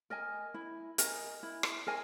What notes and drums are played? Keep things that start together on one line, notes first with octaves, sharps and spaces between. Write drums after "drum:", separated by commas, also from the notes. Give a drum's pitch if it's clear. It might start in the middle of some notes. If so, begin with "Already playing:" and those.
A#4 D#5 G#5
E4
A#4 D#5 G#5, drum: hi-hat
E4
drum: rim click
A#4 D#5 G#5